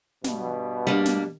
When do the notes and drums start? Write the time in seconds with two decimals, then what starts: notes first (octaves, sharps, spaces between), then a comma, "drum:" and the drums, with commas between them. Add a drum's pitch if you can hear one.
0.24 G2 B2, drum: snare
0.87 G3 A#3 D4
1.05 drum: snare